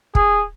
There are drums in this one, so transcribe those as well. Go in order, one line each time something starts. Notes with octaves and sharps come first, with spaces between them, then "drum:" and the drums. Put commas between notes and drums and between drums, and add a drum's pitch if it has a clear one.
G#4, drum: kick